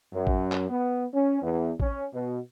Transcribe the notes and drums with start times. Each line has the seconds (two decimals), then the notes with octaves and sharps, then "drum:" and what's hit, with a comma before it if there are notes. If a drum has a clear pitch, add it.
0.13 F#2
0.27 drum: kick A1
0.52 drum: clap
0.69 B3
1.13 C#4
1.42 E2
1.80 C#4, drum: kick A1
2.13 B2